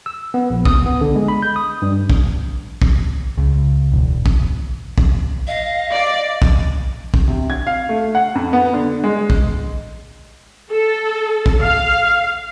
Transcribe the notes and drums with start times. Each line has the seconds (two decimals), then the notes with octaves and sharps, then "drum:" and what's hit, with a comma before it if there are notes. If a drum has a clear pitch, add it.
0.06 E6
0.34 B3
0.50 A#1
0.65 D#6, drum: kick A#1
0.86 B3
1.01 D3
1.16 G#3
1.28 B5
1.42 G6
1.56 D#6
1.82 G2
2.10 drum: kick A#1
2.82 drum: kick A#1
3.38 C#2
3.92 E1
4.26 drum: kick A#1
4.98 drum: kick A#1
5.47 D#5 F5
5.93 D5
6.42 drum: kick A#1
7.14 drum: kick A#1
7.28 C3
7.50 G#6
7.67 F5
7.89 A3
8.15 F#5
8.35 F2
8.53 B3
8.74 D3
9.04 G#3
9.30 drum: kick A#1
10.70 A4
11.46 drum: kick A#1
11.60 F5